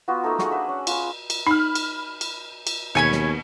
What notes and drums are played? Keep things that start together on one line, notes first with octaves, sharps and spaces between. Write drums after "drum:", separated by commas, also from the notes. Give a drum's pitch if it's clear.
B3 F4 F#4
A3 A#3 D#4 A4
F#4 G#4 F#5, drum: snare
D4 B4 E5
C#4
F4 G#5 B5, drum: cymbal
drum: cymbal
D#4 B5 F6
drum: cymbal
drum: cymbal
drum: cymbal
D#2 B2 C#5 G#5 B5
drum: snare